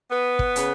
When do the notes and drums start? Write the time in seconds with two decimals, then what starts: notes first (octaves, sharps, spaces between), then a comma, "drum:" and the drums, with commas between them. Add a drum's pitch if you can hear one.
0.11 B3 B4
0.39 drum: kick
0.56 C#3, drum: hi-hat